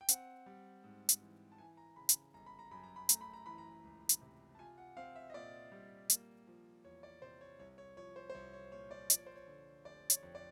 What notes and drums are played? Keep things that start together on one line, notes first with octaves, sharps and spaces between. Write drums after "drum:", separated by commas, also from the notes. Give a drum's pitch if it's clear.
G5
C4 F#5, drum: hi-hat
G3
G#2
drum: hi-hat
E3
A5
E3 G#5
A#5
C#3 B5
drum: hi-hat
G1 A#5
B5
A#5
F#2 B5
A#5
B5
A3 A#5, drum: hi-hat
B5
A#5
E3 B5
A#5
C#2
drum: hi-hat
C3
A5
F4 G#5
F#5
C4 F5
E5
D#5
A#2 D5
G3
A#3, drum: hi-hat
F3
E2 C#5
D5
C3 C5
C#5
C2 C#5
C#5
F3 C#5
C5
C5
C2 C#5
C#5
A#2 C#5
D5
F3 D5, drum: hi-hat
C#5
C5
C#5
D3
F1 D5
C#5, drum: hi-hat
F2
D5